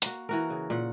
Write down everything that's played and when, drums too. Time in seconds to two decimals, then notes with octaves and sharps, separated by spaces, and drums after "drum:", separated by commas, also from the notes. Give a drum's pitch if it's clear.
0.02 A#3 F#4, drum: hi-hat
0.29 E3 F#4 A#4
0.50 C#3
0.70 A#2 F#5